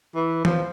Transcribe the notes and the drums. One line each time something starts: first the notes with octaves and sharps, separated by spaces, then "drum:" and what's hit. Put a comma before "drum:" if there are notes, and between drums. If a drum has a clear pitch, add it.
E3
F3, drum: tom E3